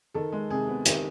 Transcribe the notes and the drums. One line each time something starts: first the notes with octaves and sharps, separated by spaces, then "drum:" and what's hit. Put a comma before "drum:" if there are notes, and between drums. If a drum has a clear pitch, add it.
D#3 A4
G#3
C3 G#4
B3
D#3 G4, drum: hi-hat